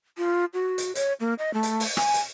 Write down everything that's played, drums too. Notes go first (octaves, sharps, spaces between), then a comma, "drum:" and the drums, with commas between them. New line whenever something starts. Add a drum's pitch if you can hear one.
F4
F#4
drum: hi-hat
C#5, drum: hi-hat
A#3
D#5
A3
drum: hi-hat
drum: open hi-hat
G#5, drum: rim click
drum: hi-hat